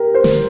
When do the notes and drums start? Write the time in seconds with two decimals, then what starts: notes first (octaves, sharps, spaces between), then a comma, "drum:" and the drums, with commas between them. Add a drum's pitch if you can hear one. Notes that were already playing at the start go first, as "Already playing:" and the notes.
Already playing: G4 A#4
0.14 C5
0.24 drum: snare